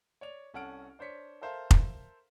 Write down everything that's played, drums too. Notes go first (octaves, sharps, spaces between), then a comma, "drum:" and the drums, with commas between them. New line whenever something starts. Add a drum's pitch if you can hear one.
C#5 D5 F7
C2 C#4 A4 F#5 F6 D7
D4 C5 C#5 B6 C#7
A4 A#4 C5 E5 F5 A5
drum: kick F1